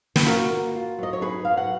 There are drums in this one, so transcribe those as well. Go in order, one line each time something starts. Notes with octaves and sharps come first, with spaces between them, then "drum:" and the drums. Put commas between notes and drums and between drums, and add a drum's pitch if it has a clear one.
B4, drum: snare
F4 F#4 A#4
A#3
F4
F#3 D#5
C#5
D#4 G#4 B4
F#3 F5
F#5